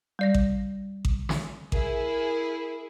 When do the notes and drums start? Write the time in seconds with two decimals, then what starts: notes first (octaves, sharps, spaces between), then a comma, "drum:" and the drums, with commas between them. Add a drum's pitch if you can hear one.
0.19 G3 D5 A#6
0.34 drum: kick A1
1.05 drum: kick A1
1.29 drum: snare
1.72 E4 G#4 A#4, drum: kick A1